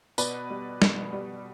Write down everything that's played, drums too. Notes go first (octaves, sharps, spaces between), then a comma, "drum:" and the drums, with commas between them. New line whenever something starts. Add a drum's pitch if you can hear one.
B2 B4 D5, drum: tambourine
G3
B2, drum: snare
G3